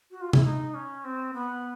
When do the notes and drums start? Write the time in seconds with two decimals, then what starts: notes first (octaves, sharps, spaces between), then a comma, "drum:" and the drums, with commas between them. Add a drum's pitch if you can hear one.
0.11 F#4
0.21 F4
0.33 E4, drum: tom C3
0.44 D#4
0.74 C#4
1.04 C4
1.34 B3